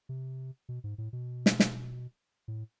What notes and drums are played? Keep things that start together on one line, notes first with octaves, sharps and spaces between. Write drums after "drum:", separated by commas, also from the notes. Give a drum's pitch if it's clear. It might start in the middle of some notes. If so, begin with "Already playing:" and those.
C3
B2
G#2
A2
B2
drum: snare
drum: snare
A2